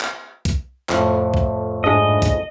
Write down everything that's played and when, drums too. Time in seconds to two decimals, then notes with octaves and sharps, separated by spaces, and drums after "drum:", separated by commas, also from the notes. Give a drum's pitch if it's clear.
0.01 drum: clap
0.45 drum: kick B1, hi-hat
0.89 F2 A2, drum: clap
1.34 drum: kick B1
1.84 G#2 D4 E4 G#4 D#5
2.22 drum: kick B1, hi-hat